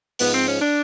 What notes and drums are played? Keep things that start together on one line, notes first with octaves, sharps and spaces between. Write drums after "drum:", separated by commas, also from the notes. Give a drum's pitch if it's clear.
G#2 F3 B3, drum: open hi-hat
C4
C#4
D4